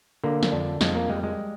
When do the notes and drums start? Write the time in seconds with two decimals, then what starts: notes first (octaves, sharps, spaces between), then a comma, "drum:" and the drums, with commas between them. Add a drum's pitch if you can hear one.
0.24 D3 A#3
0.43 drum: snare
0.52 F2 D4
0.81 F2 G#3, drum: snare
0.95 A#3
1.09 G3 G#3
1.23 G#3